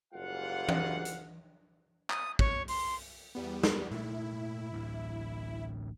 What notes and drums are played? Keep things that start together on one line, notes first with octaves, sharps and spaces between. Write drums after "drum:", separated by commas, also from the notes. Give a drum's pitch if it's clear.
F#1 G#2 G3 F4 F5 F#5
drum: tom E3
drum: hi-hat
D#6, drum: clap
C#5, drum: kick
C6, drum: open hi-hat
E2 G3 B3
drum: snare
A#2 A3 E4
A1 D2 A2